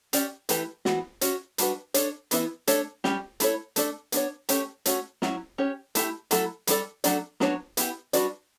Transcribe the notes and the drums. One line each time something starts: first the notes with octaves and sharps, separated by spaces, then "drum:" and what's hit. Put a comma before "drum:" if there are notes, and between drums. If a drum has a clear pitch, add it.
C#4 G4 D5, drum: hi-hat
E3 A3 E4 G4 B4, drum: hi-hat
E3 B3 F#4, drum: snare
C#4 F#4 C#5, drum: hi-hat
G3 D4 F#4 B4, drum: hi-hat
D4 A4 C#5, drum: hi-hat
E3 B3 E4 B4, drum: hi-hat
A3 D4 A4 C#5, drum: hi-hat
G3 C#4 G4, drum: snare
A3 E4 A4 C#5, drum: hi-hat
A3 D4 A4 D5, drum: hi-hat
B3 D4 A4 C#5, drum: hi-hat
A3 C#4 G4 C#5, drum: hi-hat
A3 C#4 F#4 C#5, drum: hi-hat
F#3 C#4 E4, drum: snare
C#4 G4 C#5
A3 E4 G4, drum: hi-hat
F#3 A3 E4 A4, drum: hi-hat
G3 B3 F#4 A4 D5, drum: hi-hat
F#3 A3 D4 A4 D5, drum: hi-hat
F#3 B3 D4 F#4 C#5, drum: snare
B3 E4 G4, drum: hi-hat
G3 D4 F#4 B4 D5, drum: hi-hat